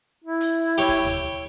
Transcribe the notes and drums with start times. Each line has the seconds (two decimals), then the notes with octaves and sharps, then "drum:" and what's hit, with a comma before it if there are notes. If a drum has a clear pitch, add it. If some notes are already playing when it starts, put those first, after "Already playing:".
0.24 E4
0.40 drum: hi-hat
0.78 G4 C#5
0.89 drum: kick, open hi-hat
1.05 drum: tom D2